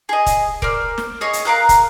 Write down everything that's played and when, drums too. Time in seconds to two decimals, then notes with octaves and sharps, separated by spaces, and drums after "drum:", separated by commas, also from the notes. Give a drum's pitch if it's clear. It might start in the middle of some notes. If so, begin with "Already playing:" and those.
0.09 G#4 D#5
0.26 drum: kick, hi-hat
0.62 A#4 C5 D5 F6, drum: kick
0.98 drum: snare
1.21 G#4 C#5 D#5
1.33 drum: hi-hat
1.45 A#4 F5 A#5 F#6
1.69 drum: kick, hi-hat